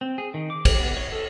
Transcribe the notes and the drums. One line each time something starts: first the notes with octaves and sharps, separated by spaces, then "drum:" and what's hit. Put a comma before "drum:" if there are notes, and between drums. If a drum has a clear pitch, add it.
C4
G#4
D#3
D6
G4, drum: kick, cymbal
B3
C#5
A4